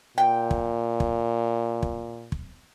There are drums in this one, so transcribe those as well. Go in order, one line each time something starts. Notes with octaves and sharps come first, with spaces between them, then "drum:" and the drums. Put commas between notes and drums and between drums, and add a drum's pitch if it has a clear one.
A#2 G5
drum: kick
drum: kick
drum: kick
drum: kick